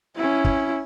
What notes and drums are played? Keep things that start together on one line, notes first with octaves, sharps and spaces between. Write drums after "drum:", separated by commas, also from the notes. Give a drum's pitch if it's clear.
C#4 E4
drum: kick